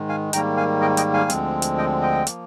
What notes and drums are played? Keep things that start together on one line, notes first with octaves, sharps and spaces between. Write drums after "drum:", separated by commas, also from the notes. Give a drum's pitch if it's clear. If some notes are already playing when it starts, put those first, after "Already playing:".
Already playing: G#2 D#3 G#3
F5 G#5
G#2 D#3 G3 A#3 G5 A#5, drum: hi-hat
F5 G#5
D#5 G5
D#5 G5, drum: hi-hat
F5 G#5
D2 D3 F3 G#3 C4, drum: hi-hat
drum: hi-hat
D#5 G5
D#5 G5
F3 A#3, drum: hi-hat